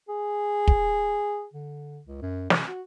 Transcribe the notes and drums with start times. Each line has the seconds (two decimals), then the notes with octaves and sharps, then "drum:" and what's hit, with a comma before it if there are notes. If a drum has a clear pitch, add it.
0.09 G#4
0.68 drum: kick
1.54 D3
2.06 C#2
2.22 F#2
2.50 C3, drum: snare
2.68 F#4